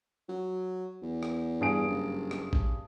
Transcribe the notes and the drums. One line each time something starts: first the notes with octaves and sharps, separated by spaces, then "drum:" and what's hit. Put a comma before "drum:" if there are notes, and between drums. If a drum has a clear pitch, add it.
F#3
E2
drum: rim click
G2 G#4 D7
F#1
drum: rim click
drum: kick A1